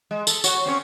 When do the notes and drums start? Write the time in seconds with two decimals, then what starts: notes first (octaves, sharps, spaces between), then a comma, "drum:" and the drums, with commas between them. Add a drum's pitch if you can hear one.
0.11 G#3
0.27 A4, drum: tambourine
0.44 F#4 C#5, drum: tambourine
0.66 C4 C#4 C#5